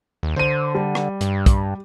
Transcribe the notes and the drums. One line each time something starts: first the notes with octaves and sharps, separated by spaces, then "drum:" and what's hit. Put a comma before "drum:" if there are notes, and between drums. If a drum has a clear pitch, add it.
D#2
D3 C5 D#7
G3
drum: rim click
G2, drum: hi-hat
drum: kick, hi-hat